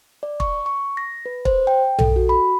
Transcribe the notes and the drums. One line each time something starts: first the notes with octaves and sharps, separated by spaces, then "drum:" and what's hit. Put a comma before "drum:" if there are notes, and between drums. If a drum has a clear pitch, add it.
D5
C#6, drum: kick
C#6
A#6
B4
C5, drum: kick
G5
A4, drum: tom B1
F#4
B5